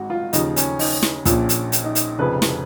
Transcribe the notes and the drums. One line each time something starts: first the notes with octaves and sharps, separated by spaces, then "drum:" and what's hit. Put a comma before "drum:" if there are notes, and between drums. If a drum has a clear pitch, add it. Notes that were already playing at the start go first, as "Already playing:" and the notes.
Already playing: G#1 G#2 F#4
F4
D#2 C#3 F3 D#4, drum: hi-hat
C#4, drum: hi-hat
D#4, drum: open hi-hat
drum: snare
A#1 A#2 F3 C#4, drum: kick, hi-hat
drum: hi-hat
drum: hi-hat
D#4
D#4, drum: hi-hat
F1 F2 C#3 F3 B4
drum: snare